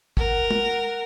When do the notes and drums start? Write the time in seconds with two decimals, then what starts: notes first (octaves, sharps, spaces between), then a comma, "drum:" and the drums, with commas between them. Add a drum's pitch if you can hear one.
0.17 A#4 F#5, drum: kick
0.51 drum: tom G#3